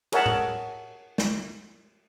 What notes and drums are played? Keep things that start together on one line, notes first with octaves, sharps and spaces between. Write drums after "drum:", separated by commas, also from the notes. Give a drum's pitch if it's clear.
G#4 A#4 C#5 E5 F#5 A5, drum: cymbal
drum: tom A2
drum: snare